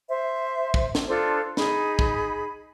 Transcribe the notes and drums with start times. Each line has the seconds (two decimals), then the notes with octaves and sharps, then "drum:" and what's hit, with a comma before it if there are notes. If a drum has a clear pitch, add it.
0.09 C5 E5
0.74 drum: kick
0.95 drum: snare
1.08 D4 F4 A4 C5
1.57 D#4 G#4 B5, drum: snare
1.99 drum: kick